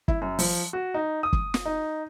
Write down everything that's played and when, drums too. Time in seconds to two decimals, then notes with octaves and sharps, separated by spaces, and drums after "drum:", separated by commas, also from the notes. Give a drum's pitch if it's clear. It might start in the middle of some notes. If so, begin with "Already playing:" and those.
0.08 E4, drum: kick
0.21 F#2
0.39 F3, drum: open hi-hat
0.73 F#4
0.94 D#4
1.23 D#6
1.33 drum: kick
1.54 drum: snare
1.65 D#4